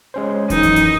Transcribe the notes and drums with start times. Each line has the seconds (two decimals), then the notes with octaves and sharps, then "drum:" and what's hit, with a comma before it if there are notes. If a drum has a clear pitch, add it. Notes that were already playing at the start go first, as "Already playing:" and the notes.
0.14 G#3 C#4 C5
0.50 F#2 D#3 E3 D#4, drum: kick D1, hi-hat
0.63 drum: hi-hat
0.76 drum: hi-hat